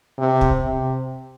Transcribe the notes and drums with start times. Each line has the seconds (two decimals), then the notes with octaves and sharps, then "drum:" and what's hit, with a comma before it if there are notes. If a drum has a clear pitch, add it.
0.18 C3
0.41 drum: kick
0.64 C3